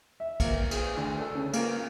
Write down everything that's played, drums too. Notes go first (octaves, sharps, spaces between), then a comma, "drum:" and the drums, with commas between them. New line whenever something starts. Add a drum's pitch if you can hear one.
E5
A#3, drum: kick A#1, cymbal
G#4, drum: cymbal
D2
A4
C#3
A#3, drum: cymbal